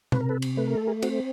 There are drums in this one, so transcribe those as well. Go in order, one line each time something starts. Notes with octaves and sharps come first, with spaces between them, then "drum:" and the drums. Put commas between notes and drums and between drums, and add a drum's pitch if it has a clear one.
C3 B4, drum: tom B2
A#4
A4 B4
drum: cymbal
A3 B4
A#4
A4
G#4 A#4
C4 F#4, drum: cymbal